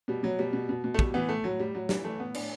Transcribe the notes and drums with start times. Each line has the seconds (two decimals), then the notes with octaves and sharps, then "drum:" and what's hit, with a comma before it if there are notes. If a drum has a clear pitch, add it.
0.08 B2 G3
0.23 B2 F#3
0.39 B2 G3
0.53 B2
0.69 B2
0.84 B2
0.94 A3
0.99 A2 G3, drum: kick
1.14 E3 B3
1.29 A2 A3
1.44 A2 F#3
1.59 A2 G3
1.74 A2 F#3
1.89 E3 G3, drum: snare
2.04 E3 A3
2.20 A2 B3
2.34 A2 D4, drum: cymbal